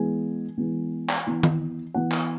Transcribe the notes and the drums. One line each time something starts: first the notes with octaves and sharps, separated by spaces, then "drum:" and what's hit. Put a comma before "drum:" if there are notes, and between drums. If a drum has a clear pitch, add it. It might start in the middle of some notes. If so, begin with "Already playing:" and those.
Already playing: E3 G#3 B3 G#5
E3 G#3 B3
drum: clap
E3 B3
drum: tom D#3
E3 B3 F#5
drum: clap